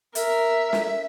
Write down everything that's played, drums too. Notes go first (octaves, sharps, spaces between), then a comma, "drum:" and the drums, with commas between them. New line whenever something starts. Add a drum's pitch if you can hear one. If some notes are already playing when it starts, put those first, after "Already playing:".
A#4 E5, drum: hi-hat
drum: snare